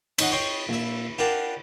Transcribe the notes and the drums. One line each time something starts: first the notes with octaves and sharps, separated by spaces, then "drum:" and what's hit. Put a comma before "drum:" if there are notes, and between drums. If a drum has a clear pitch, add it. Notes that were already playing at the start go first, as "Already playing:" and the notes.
C#4 D#4 D#5 F#5, drum: cymbal
C#5 D#5 G5 C6 C#6
A#1 E5
D4 F4 G4 A#4 F#5 A5